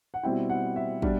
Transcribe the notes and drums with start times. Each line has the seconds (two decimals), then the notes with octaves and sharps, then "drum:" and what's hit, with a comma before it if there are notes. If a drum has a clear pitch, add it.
0.14 F#5
0.23 B2 G3 C4 E4 G5
0.50 F#5
0.76 E5
1.02 B2 G3 D4, drum: kick